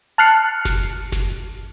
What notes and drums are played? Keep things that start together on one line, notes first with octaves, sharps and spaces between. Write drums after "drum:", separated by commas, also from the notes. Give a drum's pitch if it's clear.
A5 F6 F#6 C7 C#7
drum: snare F#1
drum: snare F#1